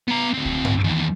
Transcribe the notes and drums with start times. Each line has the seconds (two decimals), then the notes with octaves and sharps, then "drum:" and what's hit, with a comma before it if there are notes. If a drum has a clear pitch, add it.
0.08 B3 A#5
0.34 D2 C4
0.45 drum: kick C2
0.65 drum: tom G2
0.84 E2 D#3